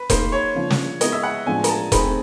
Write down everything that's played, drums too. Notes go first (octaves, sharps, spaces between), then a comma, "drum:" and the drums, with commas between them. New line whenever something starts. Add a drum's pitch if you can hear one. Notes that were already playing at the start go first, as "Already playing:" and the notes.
Already playing: B4
A#3 D#4 G#4 C5, drum: kick E1, hi-hat
C#5
C#3 F3 A#3 D4
drum: snare
G#3 B3 E4 G#4 D#5, drum: hi-hat
E5
F#5
A2 F3 G#3 B3 D4 G#5
A#5, drum: hi-hat
A5
A3 C4 D#4 G#4 B5, drum: kick E1, hi-hat